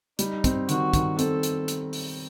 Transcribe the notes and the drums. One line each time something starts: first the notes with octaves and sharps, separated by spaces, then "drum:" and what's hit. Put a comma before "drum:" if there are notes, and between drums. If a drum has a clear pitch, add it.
G3 D#4, drum: hi-hat
C4, drum: kick, hi-hat
D#3 F#4, drum: hi-hat
D#3, drum: kick, hi-hat
C4 A4, drum: hi-hat
drum: hi-hat
drum: hi-hat
drum: open hi-hat